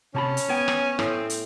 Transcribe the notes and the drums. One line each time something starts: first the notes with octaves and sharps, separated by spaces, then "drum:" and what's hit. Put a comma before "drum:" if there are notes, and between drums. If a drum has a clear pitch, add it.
C3 C#4 A5 B5
drum: hi-hat
B3 G5 G#5
drum: rim click
A2 C4, drum: rim click
drum: hi-hat